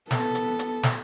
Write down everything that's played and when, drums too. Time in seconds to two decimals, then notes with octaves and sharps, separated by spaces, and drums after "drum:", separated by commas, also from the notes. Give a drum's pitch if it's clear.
0.11 B3 A4, drum: snare
0.35 drum: hi-hat
0.59 drum: hi-hat
0.83 drum: snare